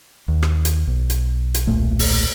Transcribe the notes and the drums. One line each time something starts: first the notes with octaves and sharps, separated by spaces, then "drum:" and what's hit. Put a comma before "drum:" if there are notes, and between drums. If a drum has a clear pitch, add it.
D#2
drum: rim click
drum: hi-hat
B1
drum: hi-hat
drum: hi-hat
D#1 B1 A#2 A3
drum: open hi-hat